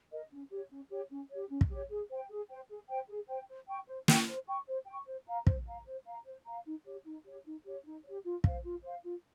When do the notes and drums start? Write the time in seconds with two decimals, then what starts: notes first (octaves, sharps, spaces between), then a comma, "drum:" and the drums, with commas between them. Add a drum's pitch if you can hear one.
0.11 A#4 D#5
0.32 C#4
0.51 G4 C#5
0.71 C#4
0.91 G4 C#5
1.10 C#4
1.30 G4 C#5
1.50 C#4
1.61 drum: kick
1.70 G4 C#5
1.89 G#4
2.10 C5 G5
2.30 G#4
2.49 C5 G5
2.69 G#4
2.89 C5 G5
3.09 G#4
3.29 C5 G5
3.48 C5
3.68 G5 C#6
3.88 C5
4.08 G5 C#6, drum: snare
4.27 C5
4.48 G5 C#6
4.67 C5
4.87 G5 C#6
5.07 C5
5.27 F5 A#5
5.47 C5, drum: kick
5.66 F5 A#5
5.86 C5
6.06 F5 A#5
6.26 C5
6.46 F5 A#5
6.66 D#4
6.86 G4 C#5
7.05 D#4
7.26 G4 C#5
7.45 D#4
7.65 G4 C#5
7.85 D#4
8.04 G4 C#5
8.24 F4
8.44 C5 F5, drum: kick
8.64 F4
8.83 C5 F5
9.03 F4